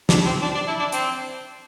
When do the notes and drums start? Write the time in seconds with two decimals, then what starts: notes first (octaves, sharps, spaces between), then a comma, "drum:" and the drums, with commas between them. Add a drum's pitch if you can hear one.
0.09 D4, drum: snare
0.25 C4
0.41 D4
0.55 D4
0.67 E4
0.79 D4
0.92 C4, drum: hi-hat